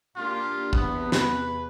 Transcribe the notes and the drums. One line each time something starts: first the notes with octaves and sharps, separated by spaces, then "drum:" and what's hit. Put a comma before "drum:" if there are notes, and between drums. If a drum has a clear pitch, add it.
A#3 D4 F4 G4
E2 C3 B3, drum: kick
B4, drum: snare